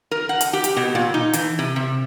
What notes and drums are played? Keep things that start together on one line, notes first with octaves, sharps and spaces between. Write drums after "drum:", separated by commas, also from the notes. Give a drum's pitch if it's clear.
A#4
F#5
drum: hi-hat
G4
drum: hi-hat
B2
A#2
D#4
E3, drum: hi-hat
C3
C3